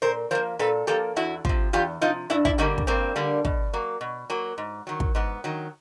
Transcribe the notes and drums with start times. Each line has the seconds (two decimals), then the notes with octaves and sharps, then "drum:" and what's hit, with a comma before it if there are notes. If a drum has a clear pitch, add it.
0.02 A#2 A#4 C5
0.31 F3 A#3 A#4 C5
0.59 A#2 A4 B4
0.87 F3 A#3 G4 A4
1.16 E2 E4 F#4
1.45 C3 F3, drum: kick
1.73 E2 F4 G4
2.01 C3 F3 D#4 F4
2.30 G2 D4 E4
2.45 D4 E4, drum: kick
2.58 D3 G3 A#3 C#4 D#4
2.78 drum: kick
2.87 G2 A#3 C4
3.16 D3 G3 A#3
3.45 B2, drum: kick
3.73 F#3 A#3
4.01 B2
4.30 F#3 A#3
4.58 G#2
4.87 D#3 F#3
5.00 drum: kick
5.15 G#2 B3
5.44 D#3 F#3